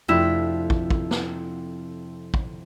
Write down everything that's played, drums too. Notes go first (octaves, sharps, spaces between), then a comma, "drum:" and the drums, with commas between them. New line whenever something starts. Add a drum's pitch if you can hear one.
F2 C3 F3 A3 D4 E4
drum: kick
drum: kick
drum: snare
drum: kick